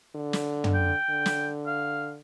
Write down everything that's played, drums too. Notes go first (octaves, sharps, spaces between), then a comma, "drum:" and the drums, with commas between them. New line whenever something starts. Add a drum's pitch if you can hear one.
D3
drum: snare
drum: tom
G5
D3
drum: snare
F5